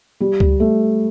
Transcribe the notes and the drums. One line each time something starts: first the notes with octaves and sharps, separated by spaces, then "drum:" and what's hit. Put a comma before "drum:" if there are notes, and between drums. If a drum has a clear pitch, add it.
G3
drum: kick C#2
A3